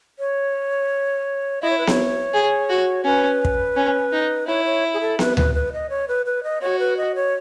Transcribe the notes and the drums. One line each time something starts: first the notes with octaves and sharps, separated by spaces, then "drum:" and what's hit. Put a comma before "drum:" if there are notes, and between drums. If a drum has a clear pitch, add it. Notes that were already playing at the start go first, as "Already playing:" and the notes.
C#5
E4 D#5
C#5
B4
C#5, drum: snare B3
G#4
F#4
C#4 B4
drum: kick
C#4
D#4
E4 C#5
C#5
G#4
A4
B4, drum: snare B3
B4, drum: tom D2
B4
D#5
C#5
B4
B4
D#5
F#4 C#5
B4
D#5
C#5